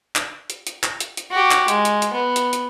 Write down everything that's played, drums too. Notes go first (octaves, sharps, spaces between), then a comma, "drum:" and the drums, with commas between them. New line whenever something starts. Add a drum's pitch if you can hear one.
drum: clap
drum: hi-hat
drum: hi-hat
drum: clap
drum: hi-hat
drum: hi-hat
F#4 G4
drum: clap
G#3, drum: hi-hat
drum: hi-hat
drum: hi-hat
B3
drum: hi-hat
drum: hi-hat